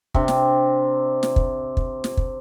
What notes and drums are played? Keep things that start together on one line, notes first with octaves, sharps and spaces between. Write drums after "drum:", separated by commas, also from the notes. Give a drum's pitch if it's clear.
C3 C4 D4, drum: kick
drum: snare
drum: snare
drum: kick
drum: kick
drum: snare
drum: kick